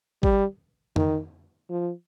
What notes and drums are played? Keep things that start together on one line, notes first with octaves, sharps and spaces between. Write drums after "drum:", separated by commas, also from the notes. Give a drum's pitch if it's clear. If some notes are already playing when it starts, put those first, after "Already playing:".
G3, drum: kick
D#3, drum: tom F2
F3